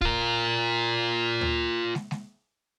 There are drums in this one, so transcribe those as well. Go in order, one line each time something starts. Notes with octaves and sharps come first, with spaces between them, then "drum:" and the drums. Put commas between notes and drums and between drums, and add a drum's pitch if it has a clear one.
F4 A#4, drum: kick
drum: tom D2
drum: snare
drum: snare